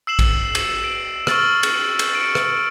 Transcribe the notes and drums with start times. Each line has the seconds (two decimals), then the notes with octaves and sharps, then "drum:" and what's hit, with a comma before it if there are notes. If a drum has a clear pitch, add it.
0.07 E6 C7 E7 F#7
0.19 drum: kick A#1, cymbal
0.55 drum: cymbal
0.84 D7
1.27 C#6 E6 F6 A6 E7 F#7, drum: rim click
1.63 drum: cymbal
1.99 drum: cymbal
2.15 C#7 D7
2.35 drum: rim click